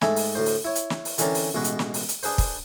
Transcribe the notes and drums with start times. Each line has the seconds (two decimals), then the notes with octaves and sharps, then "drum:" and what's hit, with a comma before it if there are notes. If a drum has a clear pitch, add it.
0.01 G#2 A3 E5 G#5, drum: snare
0.16 drum: open hi-hat
0.35 D2 A2 C5
0.46 drum: open hi-hat
0.65 E4 C#5
0.75 drum: hi-hat
0.90 drum: snare
1.05 drum: open hi-hat
1.18 D3 E3 C4 C#4 A#4 D5, drum: hi-hat
1.35 drum: open hi-hat
1.54 A1 B2 G#3 F#4 B4
1.64 drum: hi-hat
1.79 drum: snare
1.94 drum: open hi-hat
2.09 drum: hi-hat
2.23 D4 G#4 B4 C5, drum: open hi-hat
2.38 drum: kick, open hi-hat